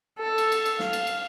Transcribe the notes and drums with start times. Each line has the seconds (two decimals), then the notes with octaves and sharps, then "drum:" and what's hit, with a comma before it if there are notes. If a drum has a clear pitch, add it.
0.19 A4
0.38 drum: cymbal
0.52 drum: cymbal
0.66 drum: cymbal
0.79 F5, drum: snare
0.93 drum: cymbal
1.07 drum: cymbal